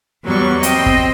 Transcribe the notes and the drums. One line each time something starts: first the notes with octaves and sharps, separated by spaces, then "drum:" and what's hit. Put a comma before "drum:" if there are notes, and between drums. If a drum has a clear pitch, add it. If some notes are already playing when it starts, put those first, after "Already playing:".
E2 F#3 G3 C#6
C4 C5 D#5 G5, drum: hi-hat
drum: kick